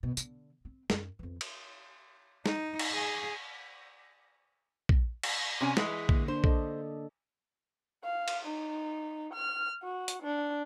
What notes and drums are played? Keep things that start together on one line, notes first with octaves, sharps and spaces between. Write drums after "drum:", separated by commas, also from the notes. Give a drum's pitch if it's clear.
B2
D3, drum: tambourine
C4
F#2, drum: snare
F2 E3
drum: cymbal
D#4, drum: snare
drum: cymbal
G#4
drum: kick
drum: cymbal
C3 C#4 G#5
E3 G#3, drum: snare
D3 A#3, drum: kick
D4 C5
A4 D5 D#5, drum: kick
F5
drum: cymbal
D#4
F6
F#4
drum: hi-hat
D4